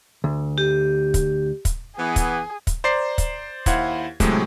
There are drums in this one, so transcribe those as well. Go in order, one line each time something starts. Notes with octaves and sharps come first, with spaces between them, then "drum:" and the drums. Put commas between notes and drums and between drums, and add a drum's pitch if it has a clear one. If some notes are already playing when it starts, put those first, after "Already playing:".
D2
G4
drum: kick, hi-hat
drum: kick, hi-hat
E3 B3 G#4
drum: kick, hi-hat
drum: kick, hi-hat
C5 D5 A#5 C7
drum: kick, hi-hat
D#2 E4 C5 F5 F#5 G#6, drum: kick, hi-hat
A2 C3 F#3 G#3 A3, drum: kick, hi-hat